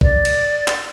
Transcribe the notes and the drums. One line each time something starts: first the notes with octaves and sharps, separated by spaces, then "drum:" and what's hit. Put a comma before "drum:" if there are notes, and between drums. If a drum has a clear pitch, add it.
D5, drum: kick
drum: cymbal
drum: clap